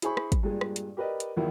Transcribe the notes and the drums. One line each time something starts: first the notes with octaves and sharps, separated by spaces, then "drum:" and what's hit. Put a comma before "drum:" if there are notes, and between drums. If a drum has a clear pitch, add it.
E4 G#4 C5 G#5 B5 C#6, drum: hi-hat
drum: rim click
drum: kick, hi-hat
G2 A#2 G#3
drum: rim click
drum: hi-hat
G4 A#4 B4 D5 D#5
drum: hi-hat
A#1 E2 D#3 A#3 E4